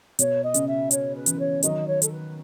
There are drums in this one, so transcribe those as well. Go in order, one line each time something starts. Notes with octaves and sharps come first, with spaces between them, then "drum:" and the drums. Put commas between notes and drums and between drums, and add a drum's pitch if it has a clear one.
B2 C#5, drum: hi-hat
D#5
C#3, drum: hi-hat
E5
C#5, drum: hi-hat
B4
C#3 E3, drum: hi-hat
C#5
D#3 F#3 D#5, drum: hi-hat
C#5
A4, drum: hi-hat
B4